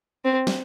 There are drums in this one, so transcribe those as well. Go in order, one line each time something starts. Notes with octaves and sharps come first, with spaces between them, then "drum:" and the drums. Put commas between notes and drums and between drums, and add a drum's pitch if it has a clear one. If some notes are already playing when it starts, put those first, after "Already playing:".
C4
drum: snare